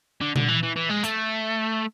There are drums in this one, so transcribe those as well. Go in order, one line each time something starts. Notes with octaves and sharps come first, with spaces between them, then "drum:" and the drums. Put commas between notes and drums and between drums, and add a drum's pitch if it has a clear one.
D3
D3, drum: tom A#2
E3
E3
E3
G#3
A3, drum: hi-hat